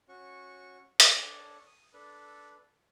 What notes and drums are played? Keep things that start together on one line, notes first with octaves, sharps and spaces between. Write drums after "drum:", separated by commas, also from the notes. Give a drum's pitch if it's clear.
C#4 F#4 C#6
D4 A4 C#5, drum: hi-hat
D#6
D4 A4 B4